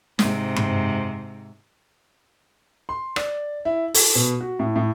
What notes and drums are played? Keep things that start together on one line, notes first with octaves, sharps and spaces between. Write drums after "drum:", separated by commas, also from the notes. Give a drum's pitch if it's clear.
G#2 C3, drum: snare
drum: tom G2
C6
D5, drum: rim click
E4
A4, drum: open hi-hat
B2
F#4
A2
A2